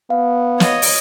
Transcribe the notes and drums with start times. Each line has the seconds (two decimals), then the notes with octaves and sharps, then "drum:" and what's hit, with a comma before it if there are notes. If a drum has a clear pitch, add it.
0.10 B3 F5
0.60 C#5 D#5, drum: snare
0.82 drum: open hi-hat